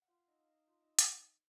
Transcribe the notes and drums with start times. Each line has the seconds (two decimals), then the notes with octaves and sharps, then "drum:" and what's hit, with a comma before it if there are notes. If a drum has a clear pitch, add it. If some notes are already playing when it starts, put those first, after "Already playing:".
0.02 F#5
0.08 F4 F5
0.28 D#4 D#5
0.39 F5
0.48 D#4 D#5
0.68 F4 F5
0.82 D#4 D#5
0.99 drum: hi-hat